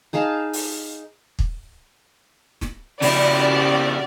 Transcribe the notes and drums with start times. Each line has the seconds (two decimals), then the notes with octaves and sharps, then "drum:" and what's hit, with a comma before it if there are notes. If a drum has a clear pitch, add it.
0.13 D#4 G#4 F5 A5
0.53 drum: open hi-hat
1.39 drum: kick
2.61 drum: snare
3.02 C#3 E4 F#4 G4 D5, drum: open hi-hat